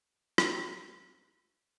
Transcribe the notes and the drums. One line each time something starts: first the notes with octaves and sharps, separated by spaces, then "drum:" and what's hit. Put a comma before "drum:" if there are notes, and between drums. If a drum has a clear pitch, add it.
C4 F#4 A#5, drum: rim click